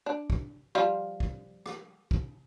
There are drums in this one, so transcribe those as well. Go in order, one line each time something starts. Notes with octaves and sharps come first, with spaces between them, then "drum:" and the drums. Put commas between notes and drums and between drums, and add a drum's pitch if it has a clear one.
D4
drum: kick
F3 G3 F4
drum: kick
drum: rim click
drum: kick